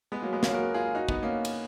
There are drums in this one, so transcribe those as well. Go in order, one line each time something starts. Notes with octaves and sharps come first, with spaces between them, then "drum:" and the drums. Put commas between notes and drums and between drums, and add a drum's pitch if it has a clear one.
G#3 B3
F#3 A#3
G#3 B3
A#3 C#4, drum: snare
F#4 A#4
F4 G#4
D#4 F#4
B3 D#4, drum: kick
A#3 C#4
drum: cymbal